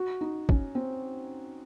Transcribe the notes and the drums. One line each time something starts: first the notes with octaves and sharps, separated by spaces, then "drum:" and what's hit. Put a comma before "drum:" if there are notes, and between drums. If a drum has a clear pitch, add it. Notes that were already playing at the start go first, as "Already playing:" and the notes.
Already playing: F#4
D#4
C#4, drum: kick
C4